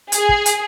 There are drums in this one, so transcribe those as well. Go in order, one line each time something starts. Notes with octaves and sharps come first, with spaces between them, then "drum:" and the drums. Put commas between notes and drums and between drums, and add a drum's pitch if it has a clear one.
G#4, drum: hi-hat
drum: kick
drum: hi-hat